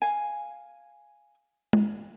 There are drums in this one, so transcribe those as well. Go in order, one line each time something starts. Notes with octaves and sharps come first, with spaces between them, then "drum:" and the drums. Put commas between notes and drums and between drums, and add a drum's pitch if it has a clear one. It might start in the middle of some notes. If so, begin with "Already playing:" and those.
F5 G#5
drum: tom G#3